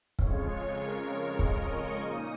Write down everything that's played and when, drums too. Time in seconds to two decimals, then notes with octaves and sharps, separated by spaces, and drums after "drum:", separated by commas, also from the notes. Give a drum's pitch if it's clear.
0.19 F2 C#3 G#3 F4 C#5, drum: kick
0.49 C#5
0.79 A#4
1.09 A#4
1.39 D#5, drum: kick
1.68 C#6
1.99 A#2 A#3 D#4 D#6